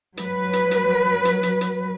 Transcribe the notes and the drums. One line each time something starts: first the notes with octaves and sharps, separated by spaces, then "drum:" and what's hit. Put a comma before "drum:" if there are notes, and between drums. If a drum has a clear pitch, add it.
F#3 B4, drum: hi-hat
drum: hi-hat
drum: hi-hat
drum: hi-hat
drum: hi-hat
drum: hi-hat